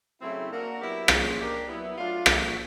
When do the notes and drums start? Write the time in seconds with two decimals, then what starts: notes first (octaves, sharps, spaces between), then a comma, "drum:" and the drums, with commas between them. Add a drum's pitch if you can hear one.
0.20 C#3 F#3 A3 C4 E4
0.50 A#3 D4 F#4 A#4
0.79 F#3 B3 E4 G4 A#4
1.08 A2 F3 G#3 C#4, drum: rim click
1.38 A#3 D4 G4 A#4
1.68 F#3 B3 E4
1.96 F#3 A3 D4 F4
2.26 A#2 F3 A3 D4 F#4, drum: rim click